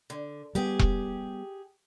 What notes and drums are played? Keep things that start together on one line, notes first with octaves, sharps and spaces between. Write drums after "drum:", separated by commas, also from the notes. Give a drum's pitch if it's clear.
D3
G3 B3 G4 G#4
drum: kick E1